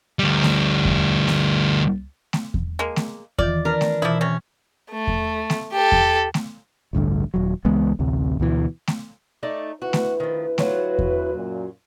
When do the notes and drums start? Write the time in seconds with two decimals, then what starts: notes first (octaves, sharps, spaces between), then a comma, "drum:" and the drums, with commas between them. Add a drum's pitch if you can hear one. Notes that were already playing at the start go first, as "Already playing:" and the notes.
0.19 D2 G3
0.43 drum: snare A3
0.85 drum: kick E2
1.27 drum: snare A3
2.33 drum: snare A3
2.54 drum: kick E2
2.79 G#3 A#3
2.96 drum: snare A3
3.39 D#3 E3 F4 D5, drum: kick E2
3.65 D4 A#4 B4
3.81 drum: snare A3
4.02 B2 E3 F3 E4 D6
4.21 C3 C#4
4.91 A3
5.07 drum: kick E2
5.50 drum: snare A3
5.73 G4 A4
5.92 drum: kick E2
6.34 drum: snare A3
6.93 A1 D2 G2 D3
7.34 D#1 F#3
7.65 C#2 E3 G#3 B3
7.99 A1 D2 C3
8.40 D2 B2 E3
8.87 drum: snare A3
9.43 A3 D#4 D5
9.82 D2 E4 F#4 B4
9.93 drum: snare A3
10.20 D#3 F3
10.58 F#3 F4 F#4, drum: snare A3
10.99 drum: kick E2
11.34 F#2 A#2